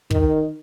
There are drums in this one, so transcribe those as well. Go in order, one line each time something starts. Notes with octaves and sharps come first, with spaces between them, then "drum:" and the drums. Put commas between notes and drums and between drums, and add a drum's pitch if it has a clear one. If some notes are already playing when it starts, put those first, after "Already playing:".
D#3, drum: kick